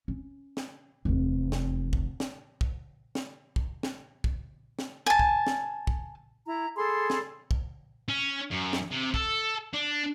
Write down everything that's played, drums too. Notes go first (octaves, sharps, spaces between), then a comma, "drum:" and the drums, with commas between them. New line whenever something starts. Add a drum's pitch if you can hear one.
C#4
drum: snare
F1 E2
drum: snare
drum: kick
drum: snare
drum: kick
drum: snare
drum: kick
drum: snare
drum: kick
drum: snare
G#5 A5
drum: kick
drum: snare
drum: kick
E4 A#5
G#4 A4 B5 C6
drum: snare
drum: kick
C#4
F#2
drum: snare
C3
A4, drum: kick
D4